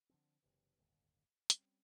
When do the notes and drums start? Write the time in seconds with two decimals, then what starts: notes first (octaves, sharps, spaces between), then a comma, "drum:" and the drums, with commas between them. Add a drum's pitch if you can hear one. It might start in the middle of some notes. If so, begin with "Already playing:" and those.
0.09 D3 F3 C4
0.43 F#1 C3 E3
0.78 D1 G1 D#2
1.50 G3 C4 C#4, drum: hi-hat